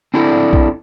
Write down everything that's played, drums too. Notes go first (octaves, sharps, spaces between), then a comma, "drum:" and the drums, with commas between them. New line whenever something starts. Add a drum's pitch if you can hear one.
C4 D4 E4 A4 C5 D5
drum: kick